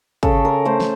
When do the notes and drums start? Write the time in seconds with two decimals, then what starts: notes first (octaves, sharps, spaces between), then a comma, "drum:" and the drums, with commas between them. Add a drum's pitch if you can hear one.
0.23 C#3 A4, drum: kick
0.45 A#4
0.65 A3 C5
0.80 drum: snare